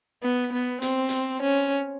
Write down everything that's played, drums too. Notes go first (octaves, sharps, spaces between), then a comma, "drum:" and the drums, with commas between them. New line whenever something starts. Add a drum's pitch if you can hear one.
B3
B3
C4, drum: hi-hat
drum: hi-hat
C#4